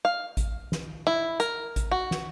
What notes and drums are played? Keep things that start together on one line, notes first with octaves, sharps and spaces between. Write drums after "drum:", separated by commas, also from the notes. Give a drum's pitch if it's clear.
F5
drum: kick A1, hi-hat
drum: snare
E4
A#4, drum: hi-hat
drum: kick A1, hi-hat
F#4
drum: snare